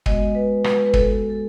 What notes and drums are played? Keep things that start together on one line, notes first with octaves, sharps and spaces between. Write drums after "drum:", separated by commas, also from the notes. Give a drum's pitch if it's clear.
G#3 B3 F#4 D#5, drum: kick
B4
B4, drum: rim click
B4
A4, drum: kick
A4